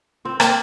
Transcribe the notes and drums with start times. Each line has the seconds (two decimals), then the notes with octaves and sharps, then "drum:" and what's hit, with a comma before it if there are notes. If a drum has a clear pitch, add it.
0.25 C4 F4
0.40 A#3 C5 G5 A#5, drum: rim click